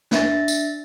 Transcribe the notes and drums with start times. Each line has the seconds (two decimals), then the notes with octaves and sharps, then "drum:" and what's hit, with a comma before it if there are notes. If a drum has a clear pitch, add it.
0.11 D4 E5 A6, drum: snare
0.48 drum: tambourine